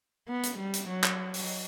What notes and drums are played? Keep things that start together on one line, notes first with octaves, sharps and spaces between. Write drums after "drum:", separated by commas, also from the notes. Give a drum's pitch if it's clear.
B3
drum: hi-hat
G3
drum: hi-hat
F#3
drum: clap
drum: open hi-hat